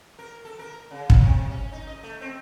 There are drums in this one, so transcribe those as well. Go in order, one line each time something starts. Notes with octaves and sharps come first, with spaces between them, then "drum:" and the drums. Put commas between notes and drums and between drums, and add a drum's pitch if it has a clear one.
A#4
A4
A#4
C#3
drum: kick
C3
C#4
D#4
D#5
A3
C4